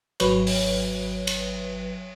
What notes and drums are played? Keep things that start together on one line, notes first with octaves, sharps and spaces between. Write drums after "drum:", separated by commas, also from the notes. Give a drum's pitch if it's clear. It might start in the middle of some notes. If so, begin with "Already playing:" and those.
G#1 F#3 B4 C#5, drum: cymbal
drum: open hi-hat
drum: cymbal